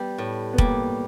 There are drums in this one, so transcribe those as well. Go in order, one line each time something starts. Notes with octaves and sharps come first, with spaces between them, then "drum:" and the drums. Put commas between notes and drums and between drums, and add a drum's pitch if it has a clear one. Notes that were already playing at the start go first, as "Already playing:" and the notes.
Already playing: G3 B3
A2
B3
G3 A#3, drum: kick